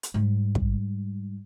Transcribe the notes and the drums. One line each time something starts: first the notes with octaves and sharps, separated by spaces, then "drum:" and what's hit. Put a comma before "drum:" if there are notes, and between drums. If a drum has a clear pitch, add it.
drum: hi-hat
G#2 G3
drum: kick